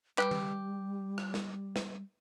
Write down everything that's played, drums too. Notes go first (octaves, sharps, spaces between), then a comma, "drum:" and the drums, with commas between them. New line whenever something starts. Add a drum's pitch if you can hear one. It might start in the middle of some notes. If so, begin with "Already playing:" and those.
G3 G4 B4, drum: clap
drum: tom D#3
drum: rim click
drum: snare
drum: snare